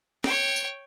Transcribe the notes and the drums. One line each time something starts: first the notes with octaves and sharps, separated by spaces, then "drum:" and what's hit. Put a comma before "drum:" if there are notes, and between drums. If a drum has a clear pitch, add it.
C#5 G5, drum: snare
drum: tambourine